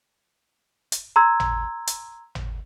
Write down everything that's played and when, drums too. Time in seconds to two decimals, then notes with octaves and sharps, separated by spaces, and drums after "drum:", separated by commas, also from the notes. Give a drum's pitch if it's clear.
0.92 drum: hi-hat
1.16 A#5 C6 E6 G#6
1.40 drum: tom
1.87 drum: hi-hat
2.35 drum: tom